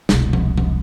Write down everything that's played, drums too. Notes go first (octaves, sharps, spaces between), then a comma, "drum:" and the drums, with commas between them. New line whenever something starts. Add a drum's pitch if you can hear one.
E1 C2, drum: snare
drum: tom F3
drum: tom F3